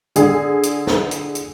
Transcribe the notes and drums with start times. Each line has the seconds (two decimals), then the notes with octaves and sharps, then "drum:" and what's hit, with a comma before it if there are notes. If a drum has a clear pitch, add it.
0.16 D3 G#4, drum: hi-hat
0.63 drum: hi-hat
0.87 drum: snare
1.11 drum: hi-hat
1.35 drum: hi-hat